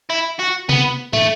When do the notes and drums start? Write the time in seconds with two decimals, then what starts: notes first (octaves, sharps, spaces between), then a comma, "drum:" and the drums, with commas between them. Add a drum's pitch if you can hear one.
0.10 E4
0.40 F#4
0.69 B3, drum: tom C3
1.13 A3, drum: tom